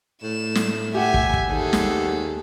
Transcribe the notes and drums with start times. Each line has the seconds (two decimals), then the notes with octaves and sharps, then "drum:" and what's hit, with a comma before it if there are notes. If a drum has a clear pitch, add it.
0.23 A2 E7
0.55 drum: snare
0.95 G4 E5 F#5 G#5
1.14 drum: kick
1.34 drum: kick
1.48 D#2 G#4 A4
1.73 drum: snare